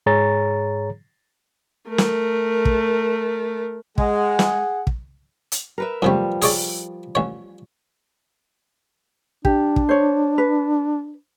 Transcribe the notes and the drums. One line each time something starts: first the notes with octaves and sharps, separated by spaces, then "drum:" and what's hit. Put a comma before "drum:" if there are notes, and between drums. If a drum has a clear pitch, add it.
G#2 G#4 C#5 A#5 A6
A3 A#4
drum: snare
drum: kick
G#3 G#4 F#5, drum: kick
drum: snare
drum: kick
drum: hi-hat
A#4 B4 E5
F#2 C3 F3 G3 A3
G#4 C#5 D5, drum: open hi-hat
A1 C#5
D4 G4, drum: kick
drum: kick
C5 C#5
B4